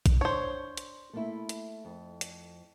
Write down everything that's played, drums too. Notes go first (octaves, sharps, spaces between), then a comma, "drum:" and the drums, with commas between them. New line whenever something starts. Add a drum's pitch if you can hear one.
drum: kick A#1, hi-hat
D4 C5 C#5
drum: hi-hat
A3 A#3 E4
drum: hi-hat
F2
drum: hi-hat